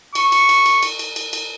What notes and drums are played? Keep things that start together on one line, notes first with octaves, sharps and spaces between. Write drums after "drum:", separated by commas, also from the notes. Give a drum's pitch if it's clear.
C#6, drum: cymbal
drum: cymbal
drum: cymbal
drum: cymbal
drum: cymbal
drum: cymbal
drum: cymbal
drum: cymbal